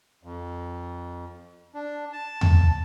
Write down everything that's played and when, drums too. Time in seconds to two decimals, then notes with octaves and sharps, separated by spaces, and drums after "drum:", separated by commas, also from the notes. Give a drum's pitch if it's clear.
0.23 F2
1.74 D4
2.13 A5
2.41 drum: tom